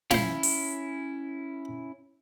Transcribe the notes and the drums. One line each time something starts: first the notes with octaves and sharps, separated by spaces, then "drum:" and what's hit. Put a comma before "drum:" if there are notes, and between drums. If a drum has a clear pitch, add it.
C#4 E4 F4 C5, drum: snare
drum: open hi-hat